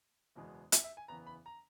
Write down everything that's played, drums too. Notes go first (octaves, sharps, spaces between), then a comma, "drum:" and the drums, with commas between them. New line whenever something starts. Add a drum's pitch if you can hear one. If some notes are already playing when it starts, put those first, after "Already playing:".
F#1 E2 B2 G#3 B3
E5, drum: hi-hat
E5
G#5
F#1 E2 C#3 E3 B3 A#5
B5
A#5